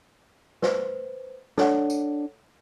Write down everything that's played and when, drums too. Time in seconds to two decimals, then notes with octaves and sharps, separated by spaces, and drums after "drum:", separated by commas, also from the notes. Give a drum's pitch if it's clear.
0.62 B4 C5, drum: snare
1.58 D4 A4 C#5 F#5, drum: snare
1.90 drum: tambourine